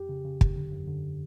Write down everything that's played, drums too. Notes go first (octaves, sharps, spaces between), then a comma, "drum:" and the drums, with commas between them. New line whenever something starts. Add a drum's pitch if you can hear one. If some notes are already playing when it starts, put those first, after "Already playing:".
Already playing: F2 G4
C#3
C#3
E2, drum: kick
D3
F#2
D3